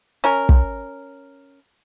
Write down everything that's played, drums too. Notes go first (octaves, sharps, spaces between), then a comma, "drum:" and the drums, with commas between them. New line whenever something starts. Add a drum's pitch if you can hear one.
C#4 A#4
drum: kick